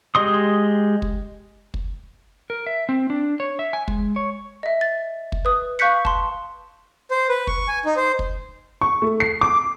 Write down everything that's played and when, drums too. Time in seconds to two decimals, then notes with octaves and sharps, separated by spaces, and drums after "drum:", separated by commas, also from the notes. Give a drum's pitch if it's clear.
0.15 G#3 G4 D#5 C6 D#6
1.02 drum: kick
1.74 drum: kick
2.50 A#4
2.66 E5
2.89 C4
3.10 D4
3.40 C#5
3.59 E5
3.73 G#5
3.88 G#3, drum: kick
4.16 C#5
4.63 D#5 E5
4.81 A6
5.32 drum: kick
5.45 B4 D#6
5.79 F5 C#6 F#6 G6 B6 C#7
6.05 A5 C6, drum: kick
7.11 C5
7.29 B4
7.47 C#6, drum: kick
7.68 G#5
7.85 D#4
7.97 C5
8.19 drum: kick
8.81 C#6
9.02 A3
9.20 C7
9.41 D6